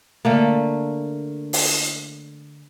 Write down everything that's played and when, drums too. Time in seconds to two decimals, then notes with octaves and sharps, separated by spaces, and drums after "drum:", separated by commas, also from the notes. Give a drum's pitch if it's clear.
0.25 D3 A3 A#3
1.53 drum: open hi-hat